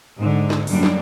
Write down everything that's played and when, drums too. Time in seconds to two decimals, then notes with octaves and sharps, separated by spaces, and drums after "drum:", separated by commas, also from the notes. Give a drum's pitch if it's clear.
0.17 G#2 D3
0.50 drum: snare
0.67 F#2 G3 A#3 D4, drum: open hi-hat
0.83 drum: snare